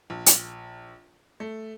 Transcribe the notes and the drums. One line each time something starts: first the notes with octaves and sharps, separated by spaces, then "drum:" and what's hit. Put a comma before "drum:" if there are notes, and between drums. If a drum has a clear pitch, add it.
A#1
drum: hi-hat
A3